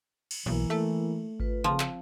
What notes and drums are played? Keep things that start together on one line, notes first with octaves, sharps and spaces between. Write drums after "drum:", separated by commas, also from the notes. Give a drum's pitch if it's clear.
drum: cymbal
B1 E3 A#3 E4 A#4
A3
F4 B4, drum: kick G#1
C#3 F3 C4
drum: clap